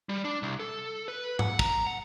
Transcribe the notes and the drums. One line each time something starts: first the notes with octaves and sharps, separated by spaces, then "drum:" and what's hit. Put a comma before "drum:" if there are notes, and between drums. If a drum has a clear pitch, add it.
G3
D4
C2
A4
B4
F#5, drum: tom G#2
A#5, drum: kick
F#5